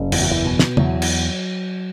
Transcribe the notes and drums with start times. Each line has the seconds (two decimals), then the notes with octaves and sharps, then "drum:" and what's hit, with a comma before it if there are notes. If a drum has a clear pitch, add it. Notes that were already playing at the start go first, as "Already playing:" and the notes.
Already playing: F#1 C#3
0.12 E2 E3, drum: cymbal
0.22 F#3
0.31 E3
0.45 B2
0.59 drum: snare
0.77 E2 F#3, drum: tom C#3
1.02 drum: cymbal